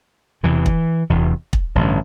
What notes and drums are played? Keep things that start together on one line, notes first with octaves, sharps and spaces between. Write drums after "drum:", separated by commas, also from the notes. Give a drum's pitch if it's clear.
E1 E2 C3 E3
drum: kick
E1 E2 C3
drum: kick
A1 G2 D3